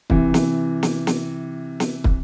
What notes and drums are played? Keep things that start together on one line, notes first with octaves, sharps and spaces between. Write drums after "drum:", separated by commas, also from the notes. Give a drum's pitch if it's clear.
C3 E3, drum: kick
drum: snare
drum: snare
drum: snare
drum: snare
drum: kick